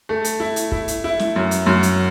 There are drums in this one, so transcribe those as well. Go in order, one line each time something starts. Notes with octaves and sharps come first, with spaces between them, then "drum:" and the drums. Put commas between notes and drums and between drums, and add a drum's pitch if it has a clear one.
A3
drum: hi-hat
E4
drum: hi-hat
E4, drum: kick
drum: hi-hat
E4
drum: snare
F#2
drum: hi-hat
F#2
drum: hi-hat